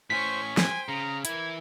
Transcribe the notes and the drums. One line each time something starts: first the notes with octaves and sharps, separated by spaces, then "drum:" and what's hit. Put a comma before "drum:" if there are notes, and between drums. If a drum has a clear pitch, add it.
A2 C#4 C5 G#5 C#6 B6
C5 G5 G#5, drum: snare
C#3 A#5
E3 E4 A#4 G#6, drum: hi-hat